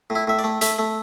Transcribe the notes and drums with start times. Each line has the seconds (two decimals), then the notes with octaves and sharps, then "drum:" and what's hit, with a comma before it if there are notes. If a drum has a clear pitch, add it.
0.10 A2
0.15 E4
0.27 A2 E5
0.39 D5
0.44 A3
0.61 A3 E5, drum: hi-hat
0.79 A3